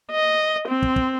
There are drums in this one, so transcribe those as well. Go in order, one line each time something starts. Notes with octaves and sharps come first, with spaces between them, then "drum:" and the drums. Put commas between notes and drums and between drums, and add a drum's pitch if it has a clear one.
D#5
C4
drum: kick
drum: kick